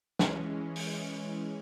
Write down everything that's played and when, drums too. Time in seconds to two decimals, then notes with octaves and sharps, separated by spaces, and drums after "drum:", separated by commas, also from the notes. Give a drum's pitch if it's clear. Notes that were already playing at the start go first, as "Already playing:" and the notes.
0.19 E3 G#3 C#4, drum: snare
0.76 drum: open hi-hat